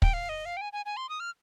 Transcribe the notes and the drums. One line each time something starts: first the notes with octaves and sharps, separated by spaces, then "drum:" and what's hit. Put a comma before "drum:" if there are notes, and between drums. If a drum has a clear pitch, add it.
G5, drum: kick
F5
D#5
F5
G5
G#5
G#5
G#5
C6
D#6
F6